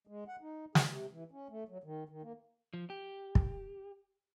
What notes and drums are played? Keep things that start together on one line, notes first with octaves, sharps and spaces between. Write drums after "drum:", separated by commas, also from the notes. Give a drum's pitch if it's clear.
G#3
F#5
D#4
G#4, drum: snare
C3
E3
C#4
A3
F#3
D#3
D#3
A#3
F3
G4
drum: kick